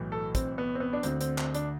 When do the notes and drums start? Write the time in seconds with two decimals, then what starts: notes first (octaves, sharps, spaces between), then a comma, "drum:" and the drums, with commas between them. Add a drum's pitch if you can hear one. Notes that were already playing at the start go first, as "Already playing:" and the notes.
Already playing: B1 A2 E3
0.12 A4
0.35 C4, drum: kick, hi-hat
0.58 B3
0.75 C4
0.80 B3
0.93 D4
1.03 D2 D3 C4, drum: hi-hat
1.21 C4, drum: hi-hat
1.38 C4, drum: clap
1.55 D4, drum: hi-hat